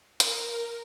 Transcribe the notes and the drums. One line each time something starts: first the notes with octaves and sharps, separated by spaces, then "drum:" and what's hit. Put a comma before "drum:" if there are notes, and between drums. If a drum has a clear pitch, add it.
A#4, drum: hi-hat